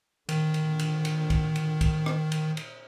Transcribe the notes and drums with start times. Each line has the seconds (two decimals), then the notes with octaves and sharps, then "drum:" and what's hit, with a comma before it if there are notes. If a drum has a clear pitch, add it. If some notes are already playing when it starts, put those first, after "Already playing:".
0.29 A#2 D3 D#3, drum: cymbal
0.54 drum: cymbal
0.79 drum: cymbal
1.05 drum: cymbal
1.30 drum: kick C2, cymbal
1.56 drum: cymbal
1.81 drum: kick C2, cymbal
2.06 drum: rim click
2.32 drum: cymbal
2.57 drum: cymbal